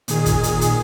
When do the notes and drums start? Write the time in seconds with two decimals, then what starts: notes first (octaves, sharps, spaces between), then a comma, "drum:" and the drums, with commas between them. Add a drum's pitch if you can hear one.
0.08 A#2 D#3 G#4, drum: hi-hat
0.26 drum: kick, hi-hat
0.43 drum: hi-hat
0.61 drum: hi-hat